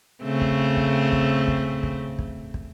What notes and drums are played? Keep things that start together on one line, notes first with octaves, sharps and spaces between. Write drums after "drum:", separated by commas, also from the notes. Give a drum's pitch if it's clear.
C#3 A3 C4
drum: kick
drum: kick
drum: kick
drum: kick
drum: kick
drum: kick
drum: kick